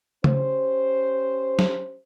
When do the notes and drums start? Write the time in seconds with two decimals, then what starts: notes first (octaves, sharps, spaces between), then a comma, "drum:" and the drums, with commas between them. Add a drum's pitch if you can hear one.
0.24 C#4 G4 C5, drum: tom C#3
1.59 drum: snare